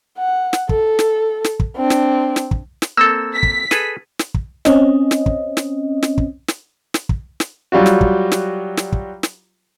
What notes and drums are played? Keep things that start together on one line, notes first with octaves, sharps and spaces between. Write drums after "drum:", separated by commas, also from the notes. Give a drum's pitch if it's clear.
F#5
drum: snare
A4, drum: kick
drum: snare
drum: snare
drum: kick
C4 D4
drum: snare
drum: snare
drum: kick
drum: snare
A#3 C4 A4 E6
B6
drum: kick
G#4 A4 B4, drum: snare
drum: snare
drum: kick
C4 C#4 D#5, drum: snare
drum: snare
drum: kick
drum: snare
drum: snare
drum: kick
drum: snare
drum: snare
drum: kick
drum: snare
F#3 G3 F4 F#4
drum: snare
drum: kick
drum: snare
drum: snare
drum: kick
drum: snare